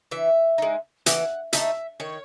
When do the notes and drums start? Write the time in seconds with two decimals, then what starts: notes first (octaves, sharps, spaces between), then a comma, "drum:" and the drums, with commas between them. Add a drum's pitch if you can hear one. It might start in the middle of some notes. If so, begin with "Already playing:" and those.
0.11 E3 E5
0.58 G#3 D#4
1.06 E3 F#5, drum: hi-hat
1.53 A3 D#4 E5, drum: hi-hat
2.00 D#3 C#5